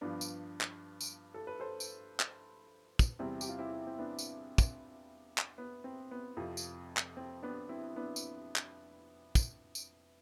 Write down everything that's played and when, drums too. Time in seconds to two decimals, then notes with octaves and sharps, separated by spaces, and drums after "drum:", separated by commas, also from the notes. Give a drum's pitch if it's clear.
0.01 G2 F3 B3 D4
0.21 drum: tambourine
0.61 drum: clap
1.01 drum: tambourine
1.34 A4
1.47 B4
1.60 A4 C5
1.80 drum: tambourine
2.20 drum: clap
2.99 drum: kick, tambourine
3.19 E2 C3 G3 C4 E4
3.41 G4, drum: tambourine
3.49 F4
3.59 C4 E4
3.87 C4
3.98 B3 D4
4.19 drum: tambourine
4.58 drum: kick, tambourine
5.38 drum: clap
5.58 B3
5.84 C4
6.11 B3
6.37 F2 C3 F3
6.57 drum: tambourine
6.97 drum: clap
7.17 C4
7.43 B3 D4
7.69 C4 E4
7.96 B3 D4
8.16 drum: tambourine
8.56 drum: clap
9.35 drum: kick, tambourine
9.75 drum: tambourine